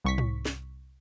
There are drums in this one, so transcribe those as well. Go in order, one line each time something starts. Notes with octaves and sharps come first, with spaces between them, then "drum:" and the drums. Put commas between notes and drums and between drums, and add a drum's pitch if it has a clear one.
C2 C#6 B6
drum: tom G#2
drum: snare